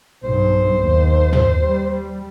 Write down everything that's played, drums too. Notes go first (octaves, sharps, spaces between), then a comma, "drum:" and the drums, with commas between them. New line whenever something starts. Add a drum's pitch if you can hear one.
B1 G2 C5
D#2
drum: tom
G3